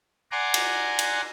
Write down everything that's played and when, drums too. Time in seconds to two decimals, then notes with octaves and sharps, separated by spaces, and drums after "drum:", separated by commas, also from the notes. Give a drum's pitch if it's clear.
0.31 D5 F#5 G#5 A#5 C6 D6
0.54 drum: cymbal
0.99 drum: cymbal